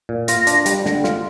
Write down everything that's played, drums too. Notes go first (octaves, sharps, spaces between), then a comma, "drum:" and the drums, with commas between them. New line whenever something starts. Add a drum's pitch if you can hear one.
A#2
F4 A#6, drum: hi-hat
D4, drum: hi-hat
G3, drum: hi-hat
D3, drum: snare
F4, drum: snare